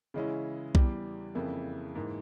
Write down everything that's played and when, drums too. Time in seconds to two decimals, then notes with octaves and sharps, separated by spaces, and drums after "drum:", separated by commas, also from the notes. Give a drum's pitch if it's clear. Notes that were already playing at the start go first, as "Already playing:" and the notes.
0.14 C#3 E3 G#3 C#4 E4
0.75 E2 E3 G3, drum: kick B1
1.35 F2 C#3 E3 A#3 E4
1.95 G#2 E3 A#3